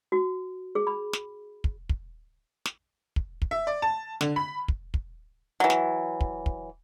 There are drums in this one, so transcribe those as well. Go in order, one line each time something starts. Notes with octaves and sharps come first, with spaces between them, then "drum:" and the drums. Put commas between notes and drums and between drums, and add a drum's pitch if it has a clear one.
F#4
G#4
B5
drum: snare
drum: kick
drum: kick
drum: snare
drum: kick
drum: kick
E5
D5
A5
D3, drum: snare
B5
drum: kick
drum: kick
E3 F#3
drum: snare
drum: kick
drum: kick